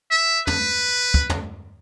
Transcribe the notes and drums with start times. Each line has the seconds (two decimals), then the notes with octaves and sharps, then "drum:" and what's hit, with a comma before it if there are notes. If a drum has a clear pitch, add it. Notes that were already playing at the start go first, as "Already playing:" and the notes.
0.11 E5
0.47 B4, drum: tom
1.14 drum: kick
1.29 drum: tom